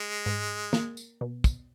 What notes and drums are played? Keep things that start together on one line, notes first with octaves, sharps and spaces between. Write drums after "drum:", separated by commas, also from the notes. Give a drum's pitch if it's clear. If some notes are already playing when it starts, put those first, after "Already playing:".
Already playing: G#3
G#2
A#3, drum: snare
drum: tambourine
B2
drum: kick, tambourine